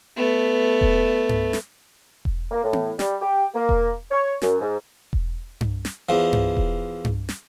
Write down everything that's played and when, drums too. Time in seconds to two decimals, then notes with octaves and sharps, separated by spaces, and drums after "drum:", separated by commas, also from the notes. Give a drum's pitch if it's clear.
0.16 A3 B3
0.81 drum: kick E1
1.29 drum: tom G2
1.53 drum: snare
2.25 drum: kick E1
2.52 A#3
2.64 A2
2.73 drum: tom B3
2.99 G3, drum: snare
3.22 G4
3.54 A#3
3.69 drum: kick E1
4.11 C#5
4.42 F#2, drum: snare
4.61 G#2
5.13 drum: kick E1
5.61 drum: tom G2
5.85 drum: snare
6.09 E2 F3
6.33 drum: tom G2
6.57 drum: kick E1
7.05 drum: tom G2
7.29 drum: snare